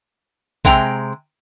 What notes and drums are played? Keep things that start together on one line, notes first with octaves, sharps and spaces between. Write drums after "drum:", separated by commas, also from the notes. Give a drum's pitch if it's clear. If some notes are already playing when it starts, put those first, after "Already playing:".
C3 G#3 G5 A#5, drum: kick A#1